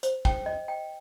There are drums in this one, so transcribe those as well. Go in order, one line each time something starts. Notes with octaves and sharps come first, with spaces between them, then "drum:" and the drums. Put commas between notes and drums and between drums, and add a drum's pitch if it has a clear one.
C5, drum: hi-hat
G5, drum: kick
D#5
G5